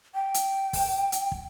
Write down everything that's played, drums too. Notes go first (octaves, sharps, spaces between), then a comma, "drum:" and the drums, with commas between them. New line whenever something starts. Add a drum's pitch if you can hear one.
G5
drum: hi-hat
drum: kick, open hi-hat
drum: hi-hat
drum: kick